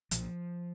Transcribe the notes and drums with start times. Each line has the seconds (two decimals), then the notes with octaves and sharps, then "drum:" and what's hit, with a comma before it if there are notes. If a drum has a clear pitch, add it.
0.11 B1 A#2 F3, drum: hi-hat